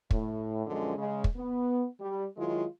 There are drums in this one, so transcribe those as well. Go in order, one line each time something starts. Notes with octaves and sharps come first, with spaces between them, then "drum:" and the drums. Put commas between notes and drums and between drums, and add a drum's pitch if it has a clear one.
A2, drum: kick
F#2 A#2 D3 F3 G#3 C#4
C#3 G#3
drum: kick
B3
G3
D#3 F#3 G#3 E4 F4